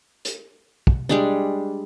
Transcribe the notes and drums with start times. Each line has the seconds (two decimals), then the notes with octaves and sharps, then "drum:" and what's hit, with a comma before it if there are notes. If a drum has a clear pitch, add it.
0.25 drum: hi-hat
0.87 drum: kick
1.09 G3 G#3 D4